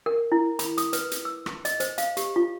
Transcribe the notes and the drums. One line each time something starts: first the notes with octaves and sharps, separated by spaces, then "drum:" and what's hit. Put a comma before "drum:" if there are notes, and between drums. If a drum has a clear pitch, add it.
A#4
E4
B5, drum: hi-hat
D#6, drum: hi-hat
B4, drum: hi-hat
drum: hi-hat
E6
drum: rim click
D#5, drum: hi-hat
C5, drum: hi-hat
F5, drum: hi-hat
G4, drum: hi-hat
F4